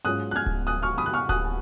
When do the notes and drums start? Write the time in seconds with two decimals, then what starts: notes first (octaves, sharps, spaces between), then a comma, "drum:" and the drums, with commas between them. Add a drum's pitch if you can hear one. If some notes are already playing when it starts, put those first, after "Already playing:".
0.05 G#2 F#3 C#4 F4 D#6 F#6
0.31 F#6
0.36 F6 G#6
0.46 drum: kick D1
0.67 D#6 F#6
0.82 C#6 F6
0.98 B5 D#6
1.06 F#6
1.14 C#6 F6
1.29 D#6 F#6, drum: kick D1